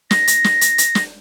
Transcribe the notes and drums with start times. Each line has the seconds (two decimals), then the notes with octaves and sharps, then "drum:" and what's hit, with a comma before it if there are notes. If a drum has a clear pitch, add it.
0.11 A#6, drum: snare
0.27 drum: hi-hat
0.44 drum: snare
0.61 drum: hi-hat
0.78 drum: hi-hat
0.95 drum: snare